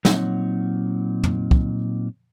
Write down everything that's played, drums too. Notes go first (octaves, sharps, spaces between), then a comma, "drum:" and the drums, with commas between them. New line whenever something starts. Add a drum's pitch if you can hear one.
A#2 F#3 C4 D#4 C#5 F#5, drum: snare
drum: tom
drum: kick